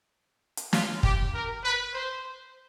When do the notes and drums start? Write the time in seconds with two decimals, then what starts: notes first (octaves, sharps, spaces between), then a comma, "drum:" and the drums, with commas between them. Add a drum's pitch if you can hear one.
0.57 drum: hi-hat
0.73 F4, drum: snare
1.03 G4, drum: kick
1.34 A#4
1.64 B4
1.94 C5